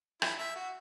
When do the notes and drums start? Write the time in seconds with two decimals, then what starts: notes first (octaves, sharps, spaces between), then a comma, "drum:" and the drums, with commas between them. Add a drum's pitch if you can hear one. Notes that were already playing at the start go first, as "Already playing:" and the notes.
0.22 E4, drum: rim click
0.39 E5
0.56 F#4